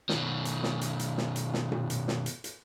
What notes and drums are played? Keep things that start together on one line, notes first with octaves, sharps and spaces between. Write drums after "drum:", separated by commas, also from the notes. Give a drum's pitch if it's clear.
B2 D#3, drum: snare
drum: hi-hat
drum: snare
drum: hi-hat
drum: hi-hat
drum: snare
drum: hi-hat
drum: snare
drum: tom A#2
drum: hi-hat
drum: snare
drum: hi-hat
drum: hi-hat